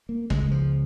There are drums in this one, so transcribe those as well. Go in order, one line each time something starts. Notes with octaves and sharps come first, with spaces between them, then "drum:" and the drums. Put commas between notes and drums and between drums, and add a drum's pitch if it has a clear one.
A#3
C#2 C#3 G#3, drum: kick
F3